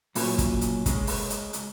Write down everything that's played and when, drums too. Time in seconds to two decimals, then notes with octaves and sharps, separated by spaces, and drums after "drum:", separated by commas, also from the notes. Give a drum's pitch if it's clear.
0.15 B1 A#2 F#3 C#4, drum: open hi-hat
0.38 drum: kick, hi-hat
0.61 drum: hi-hat
0.86 C#3 G#3 C#4, drum: kick, hi-hat
1.07 drum: open hi-hat
1.30 drum: hi-hat
1.53 drum: hi-hat